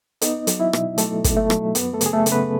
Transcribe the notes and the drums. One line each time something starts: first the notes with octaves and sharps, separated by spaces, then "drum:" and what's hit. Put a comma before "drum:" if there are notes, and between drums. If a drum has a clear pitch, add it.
B3 D#4 D#5, drum: hi-hat
F#3, drum: hi-hat
E4 E5
B2, drum: rim click
F#3 A3 A4, drum: hi-hat
B2, drum: kick, hi-hat
A3 A4
F#3, drum: rim click
F#2 B3 B4, drum: hi-hat
A3 A4
C#3, drum: hi-hat
G#4
A3 A4
C#3, drum: hi-hat
B3 B4